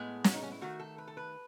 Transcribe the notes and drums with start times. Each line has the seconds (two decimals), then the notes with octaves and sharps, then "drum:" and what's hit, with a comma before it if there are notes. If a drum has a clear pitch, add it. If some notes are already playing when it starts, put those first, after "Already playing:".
Already playing: A2 G#3 B3 G#4
0.24 F#4, drum: snare
0.33 D#4
0.43 C#4
0.52 E4
0.61 D#3 A3 F#4
0.79 A4
0.98 B4
1.08 A4
1.17 B4